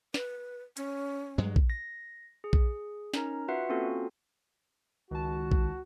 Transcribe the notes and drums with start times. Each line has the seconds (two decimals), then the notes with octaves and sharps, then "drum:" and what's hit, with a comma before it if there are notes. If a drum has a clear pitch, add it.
0.14 B4, drum: snare
0.77 C#4, drum: hi-hat
1.38 G2 F#3 G#3
1.56 drum: kick A#1
1.70 A#6
2.44 G#4
2.53 drum: kick A#1
3.14 C#4 D#4 A#4 A#5, drum: snare
3.48 F4 F#4 B4 E5 F#5
3.69 A#3 C4 C#4 F4 F#4 A4
5.11 C#2 D#3 F#4 A5
5.51 drum: kick A#1